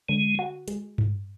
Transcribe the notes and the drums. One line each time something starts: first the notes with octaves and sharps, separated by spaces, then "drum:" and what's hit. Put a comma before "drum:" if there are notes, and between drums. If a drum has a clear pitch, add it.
D3 G#3
F#4
G#3, drum: hi-hat
drum: tom G2